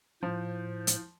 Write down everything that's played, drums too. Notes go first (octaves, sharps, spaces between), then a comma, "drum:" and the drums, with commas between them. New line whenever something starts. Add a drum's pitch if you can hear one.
A2 F3 C5
drum: hi-hat